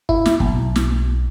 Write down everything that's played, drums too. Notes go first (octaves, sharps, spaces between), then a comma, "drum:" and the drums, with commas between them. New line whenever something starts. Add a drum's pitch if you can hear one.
E4, drum: kick
drum: snare
B1, drum: kick
drum: snare